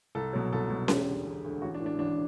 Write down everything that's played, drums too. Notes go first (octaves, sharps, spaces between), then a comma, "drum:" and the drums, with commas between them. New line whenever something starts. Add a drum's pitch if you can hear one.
C2 A4
B2 F#3
C2 A4
B2 F#3
E1 G4, drum: snare C#4
D2 D3
E1
D2 D3
A1 F#4
D4
A2 E3
D4
A1 D4